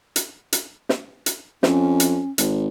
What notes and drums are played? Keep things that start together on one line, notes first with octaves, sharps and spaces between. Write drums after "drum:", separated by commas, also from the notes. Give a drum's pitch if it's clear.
drum: hi-hat
drum: hi-hat
drum: snare
drum: hi-hat
F2 C#4, drum: snare
drum: hi-hat
G#1, drum: hi-hat